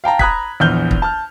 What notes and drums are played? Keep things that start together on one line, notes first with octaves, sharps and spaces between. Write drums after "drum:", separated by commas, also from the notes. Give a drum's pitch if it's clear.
F5 G5 A5 A#5
A#5 B5 D#6 F#6 G#6 B6, drum: kick
A#1 E2 F6 G6 G7
drum: kick
A5 F6